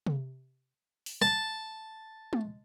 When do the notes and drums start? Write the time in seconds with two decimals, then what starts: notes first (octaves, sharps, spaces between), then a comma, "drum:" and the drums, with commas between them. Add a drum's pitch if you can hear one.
0.07 drum: tom C3
1.06 drum: open hi-hat
1.22 A5, drum: rim click
2.33 drum: tom G#3